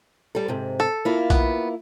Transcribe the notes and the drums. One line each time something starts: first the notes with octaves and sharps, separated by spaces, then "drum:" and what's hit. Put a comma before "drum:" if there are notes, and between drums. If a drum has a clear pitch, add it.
G3 A4
G#2 C3
A4
A#3 E4 F4
B3, drum: kick B1, hi-hat